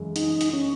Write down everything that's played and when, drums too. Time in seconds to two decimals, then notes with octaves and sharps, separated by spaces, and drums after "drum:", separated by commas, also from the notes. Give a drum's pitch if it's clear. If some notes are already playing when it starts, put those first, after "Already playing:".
Already playing: F#2 C#3 E3 G#3
0.16 D#4, drum: hi-hat
0.41 drum: hi-hat
0.53 C#4